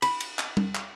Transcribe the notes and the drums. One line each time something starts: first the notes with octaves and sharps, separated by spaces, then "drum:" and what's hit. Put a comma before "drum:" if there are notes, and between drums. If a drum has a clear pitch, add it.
B5, drum: cymbal
drum: cymbal
drum: clap
drum: tom G3
drum: clap